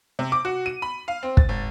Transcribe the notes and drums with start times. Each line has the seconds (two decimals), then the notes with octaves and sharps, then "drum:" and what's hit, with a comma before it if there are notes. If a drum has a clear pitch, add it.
0.19 C3
0.32 D6
0.45 F#4
0.66 D#7
0.82 B5
1.08 F5
1.23 C4
1.37 A6, drum: kick
1.49 G#1